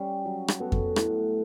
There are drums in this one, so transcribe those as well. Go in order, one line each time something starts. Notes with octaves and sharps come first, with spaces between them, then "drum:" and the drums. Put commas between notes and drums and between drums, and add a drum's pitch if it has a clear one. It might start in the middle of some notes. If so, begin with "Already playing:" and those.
Already playing: G3 C#4
F#3
drum: rim click
B3 F#4 A4
drum: kick F2
A2, drum: rim click